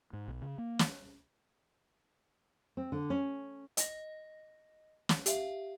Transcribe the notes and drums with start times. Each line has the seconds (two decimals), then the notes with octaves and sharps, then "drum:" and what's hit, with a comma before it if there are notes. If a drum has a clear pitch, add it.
0.13 G#2
0.28 B1
0.42 C#3
0.58 A#3
0.79 drum: snare
2.77 C4
2.92 D3
3.10 C#4
3.77 D#5 A#6, drum: hi-hat
5.09 drum: snare
5.26 G4 E5 F5, drum: hi-hat